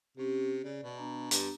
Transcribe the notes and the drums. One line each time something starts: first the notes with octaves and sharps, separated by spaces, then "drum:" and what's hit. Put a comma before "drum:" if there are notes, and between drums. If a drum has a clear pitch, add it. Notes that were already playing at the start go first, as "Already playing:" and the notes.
C3 C4 C#4 G4
C#3 D5
B2
B3 D4 A#5
G2, drum: hi-hat